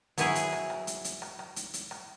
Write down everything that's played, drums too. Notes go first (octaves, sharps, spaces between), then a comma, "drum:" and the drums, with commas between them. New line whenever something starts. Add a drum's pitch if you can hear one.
F#3 B3 E4 G#4, drum: hi-hat
drum: hi-hat
drum: rim click
drum: rim click
drum: hi-hat
drum: hi-hat
drum: rim click
drum: rim click
drum: hi-hat
drum: hi-hat
drum: rim click